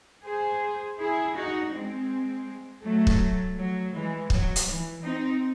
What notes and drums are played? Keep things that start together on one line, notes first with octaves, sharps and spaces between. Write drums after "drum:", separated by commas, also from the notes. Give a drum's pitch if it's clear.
G#4 C5
E4 G#4
D#4 F#4
G#3 C4
F#3 A3
drum: kick
F#3
E3 G#3
F#3, drum: kick
drum: hi-hat
E3
C4 D#4